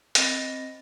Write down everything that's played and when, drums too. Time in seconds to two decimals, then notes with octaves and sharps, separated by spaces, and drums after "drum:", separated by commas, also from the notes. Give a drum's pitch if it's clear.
0.15 C4 D#5 B5 A6 A#6, drum: hi-hat